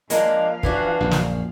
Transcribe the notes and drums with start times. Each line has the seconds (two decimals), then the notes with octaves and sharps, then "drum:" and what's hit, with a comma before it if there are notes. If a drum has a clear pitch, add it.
0.10 F3 G#3 A#3 D4 F5, drum: hi-hat
0.63 E3 D4 F#4, drum: kick
1.01 A#1 F#2
1.11 drum: snare